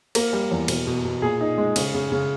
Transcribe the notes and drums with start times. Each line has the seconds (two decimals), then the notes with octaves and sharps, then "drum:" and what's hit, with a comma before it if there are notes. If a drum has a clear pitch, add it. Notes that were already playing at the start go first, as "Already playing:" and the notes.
0.15 A#3 A#4, drum: cymbal
0.33 G3
0.51 E2
0.68 B2, drum: cymbal
0.87 B2
1.04 B2
1.22 A#2 G#4
1.41 D#4
1.58 G#3
1.76 C#3, drum: cymbal
1.94 C#3
2.12 C#3